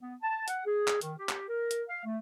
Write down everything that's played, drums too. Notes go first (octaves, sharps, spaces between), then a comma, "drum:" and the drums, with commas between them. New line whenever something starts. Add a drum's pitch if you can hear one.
B3
A5
F#5, drum: hi-hat
G#4
drum: clap
D#3, drum: hi-hat
G4
drum: clap
A#4
drum: hi-hat
F5
A3